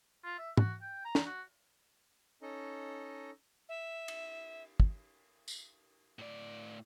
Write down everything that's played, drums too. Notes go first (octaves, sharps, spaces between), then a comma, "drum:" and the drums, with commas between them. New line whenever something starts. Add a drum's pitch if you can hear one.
F4
E5
F#4, drum: tom
G5
A#5
drum: snare
F#4
C#4 D#4 A4 D#5
E5
drum: cymbal
drum: kick
drum: tambourine
A2 D5